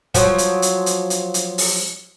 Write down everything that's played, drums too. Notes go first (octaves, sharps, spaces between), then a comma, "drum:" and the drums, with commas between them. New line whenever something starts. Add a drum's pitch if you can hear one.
F3 F#3, drum: kick, hi-hat
drum: hi-hat
drum: hi-hat
drum: hi-hat
drum: hi-hat
drum: hi-hat
drum: open hi-hat